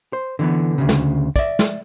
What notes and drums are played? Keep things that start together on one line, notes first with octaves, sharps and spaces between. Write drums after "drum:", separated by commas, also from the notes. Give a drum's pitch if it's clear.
C5
D3 E3 B3
D2 G#2 C#3
drum: snare
D5 E5, drum: kick, hi-hat
drum: snare